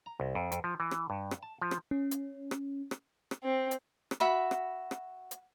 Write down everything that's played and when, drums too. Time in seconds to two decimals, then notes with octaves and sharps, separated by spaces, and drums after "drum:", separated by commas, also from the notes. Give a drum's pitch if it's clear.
0.06 A#5
0.20 C2
0.35 F2
0.52 F2, drum: hi-hat
0.64 F3
0.80 E3
0.91 drum: rim click
1.10 G2
1.31 drum: rim click
1.43 A5
1.61 F3
1.71 drum: rim click
1.91 C#4
2.11 drum: hi-hat
2.51 drum: rim click
2.91 drum: rim click
3.31 drum: rim click
3.44 C4
3.71 drum: hi-hat
4.11 drum: rim click
4.20 F#4 E5 B5
4.51 drum: rim click
4.91 drum: rim click
5.31 drum: hi-hat